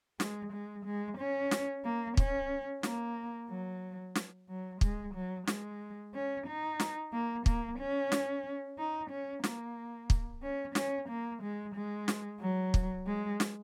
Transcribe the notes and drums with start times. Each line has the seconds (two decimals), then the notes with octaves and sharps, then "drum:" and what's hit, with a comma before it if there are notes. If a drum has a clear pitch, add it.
0.20 G#3, drum: snare
0.53 G#3
0.85 G#3
1.18 C#4
1.51 drum: snare
1.84 A#3
2.17 C#4, drum: kick
2.83 A#3, drum: snare
3.49 F#3
4.15 drum: snare
4.49 F#3
4.81 G#3, drum: kick
5.14 F#3
5.47 G#3, drum: snare
6.14 C#4
6.46 D#4
6.80 drum: snare
7.13 A#3
7.46 A#3, drum: kick
7.79 C#4
8.12 drum: snare
8.78 D#4
9.10 C#4
9.44 A#3, drum: snare
10.10 drum: kick
10.42 C#4
10.75 C#4, drum: snare
11.09 A#3
11.42 G#3
11.75 G#3
12.08 drum: snare
12.40 F#3
12.74 drum: kick
13.07 G#3
13.40 drum: snare